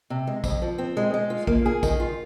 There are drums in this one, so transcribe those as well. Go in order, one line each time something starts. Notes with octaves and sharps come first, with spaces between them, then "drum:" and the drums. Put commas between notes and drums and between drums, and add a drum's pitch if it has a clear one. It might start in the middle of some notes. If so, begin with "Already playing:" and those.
C3
G#3
F2, drum: kick A#1, tambourine
F3
C4
G#3
G#3
F4
A#3, drum: kick A#1
G#4
D#3, drum: kick A#1, tambourine
F4